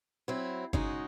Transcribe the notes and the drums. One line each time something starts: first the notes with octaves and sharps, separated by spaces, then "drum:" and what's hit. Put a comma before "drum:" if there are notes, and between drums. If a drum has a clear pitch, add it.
F#3 C4 E4
C#3 G#3 D#4 F#4, drum: kick G1